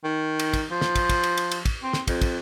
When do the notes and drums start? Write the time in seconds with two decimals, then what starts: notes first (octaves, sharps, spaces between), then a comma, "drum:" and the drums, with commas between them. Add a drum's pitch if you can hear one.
0.04 D#3
0.39 drum: cymbal
0.53 drum: kick, cymbal
0.71 F3
0.81 drum: snare
0.95 drum: kick, cymbal
1.09 drum: kick, cymbal
1.23 drum: cymbal
1.37 drum: cymbal
1.51 drum: cymbal
1.65 drum: kick, cymbal
1.83 C4
1.93 drum: snare
2.07 F2, drum: kick, cymbal
2.21 drum: kick, cymbal